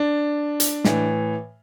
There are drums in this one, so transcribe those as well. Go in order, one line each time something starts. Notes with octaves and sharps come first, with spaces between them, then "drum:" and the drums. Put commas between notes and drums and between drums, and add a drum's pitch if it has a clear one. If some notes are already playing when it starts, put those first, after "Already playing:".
Already playing: D4
drum: hi-hat
A2 E3, drum: snare